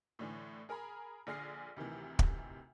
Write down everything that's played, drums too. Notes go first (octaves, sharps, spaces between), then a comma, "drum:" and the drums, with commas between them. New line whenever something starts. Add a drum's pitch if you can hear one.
A2 D3 E3
G#4 A#4 G#5 A#5 B5
A#1 D3 G#4 F6 A#6 C7
D2 C3 D#3 E3
drum: kick